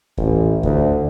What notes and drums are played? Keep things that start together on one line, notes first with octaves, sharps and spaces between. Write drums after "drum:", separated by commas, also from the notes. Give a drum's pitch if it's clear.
A1, drum: kick
D2, drum: kick